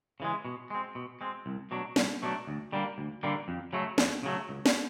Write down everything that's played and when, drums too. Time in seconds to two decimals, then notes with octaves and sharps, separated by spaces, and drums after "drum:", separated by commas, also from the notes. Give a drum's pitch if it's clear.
0.20 C#3 E3 G#3
0.45 B2
0.70 G#3 C4
0.95 B2
1.21 G#3 C4
1.46 C2
1.71 B2 F#3 A3 D4
1.96 C2, drum: snare
2.22 B2 F#3 A3 D4
2.47 D2
2.72 D3 G3 A#3
2.98 D2
3.23 D3 G3 A#3
3.48 F2
3.73 C#3 F#3 A3
3.98 F2, drum: snare
4.23 C#3 F#3 A3
4.49 C#2
4.66 drum: snare